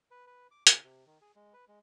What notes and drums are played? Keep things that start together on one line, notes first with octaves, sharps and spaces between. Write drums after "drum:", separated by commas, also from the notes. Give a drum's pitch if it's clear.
B4
B4
D6
C#3, drum: hi-hat
C3
D#3
G#4
G#3
B4
G#3